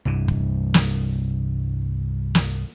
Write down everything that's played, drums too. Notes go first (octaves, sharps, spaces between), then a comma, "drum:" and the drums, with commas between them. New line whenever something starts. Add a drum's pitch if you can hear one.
C2 G2 E3
drum: kick
drum: snare
drum: snare